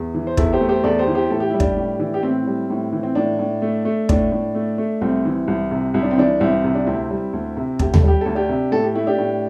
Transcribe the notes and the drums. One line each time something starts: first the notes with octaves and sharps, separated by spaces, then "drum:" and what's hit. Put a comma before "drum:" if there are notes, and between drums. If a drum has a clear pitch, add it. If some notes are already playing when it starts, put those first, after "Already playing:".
Already playing: E2
E3
C5
E2 E4 A4, drum: kick
G4 C5
A3
G4 C5
E2 A4 D5
G4 C5
E3
G4 C5
A2 A4
G4
G3 E4
D4 G4, drum: kick
A2
E3
G4
A2 C4 E4
G3
A2
E3
C4
A2 D4
A2
A3
A3
A2 D4, drum: kick
A2
A3
A3
C2 C4
E3
C2
C3
C2 E4
D4
C4
E3 D4
C2 C4 E4
C4
C3
D4
D2 C4 E4
G3
D2
C3
D2 G4, drum: kick
A4, drum: tom D#2
G3 G4
D2 A4
D4 G4
C3
A2 A4
G4
A3 E4
D4 G4
A2